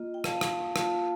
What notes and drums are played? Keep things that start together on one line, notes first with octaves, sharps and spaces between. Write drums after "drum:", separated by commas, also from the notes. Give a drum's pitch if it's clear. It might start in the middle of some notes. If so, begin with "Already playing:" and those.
Already playing: A#3 F4 D#5
G5
F5 A5, drum: rim click
drum: rim click
A#3 F4 F5 A5, drum: rim click